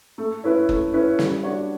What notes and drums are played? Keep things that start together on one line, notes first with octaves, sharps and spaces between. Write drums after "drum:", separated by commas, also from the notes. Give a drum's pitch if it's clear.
A3
C#4 E4 B4
A3, drum: kick F#1
C#4 E4 B4
G3, drum: snare
D4 F#4 C#5